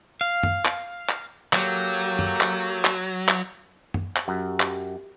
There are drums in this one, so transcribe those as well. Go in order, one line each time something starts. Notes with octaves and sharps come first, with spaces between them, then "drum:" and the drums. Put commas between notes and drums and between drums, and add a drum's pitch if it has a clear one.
F5
drum: tom
drum: clap
drum: clap
F#3 A#3 G4 A4, drum: clap
drum: tom
drum: clap
drum: clap
drum: clap
drum: tom
drum: clap
F#2 G4
drum: clap